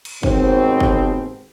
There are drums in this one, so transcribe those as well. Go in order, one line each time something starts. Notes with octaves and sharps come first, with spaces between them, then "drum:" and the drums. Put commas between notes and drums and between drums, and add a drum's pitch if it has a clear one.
drum: cymbal
D#2 G#2 B2 C4, drum: kick
drum: kick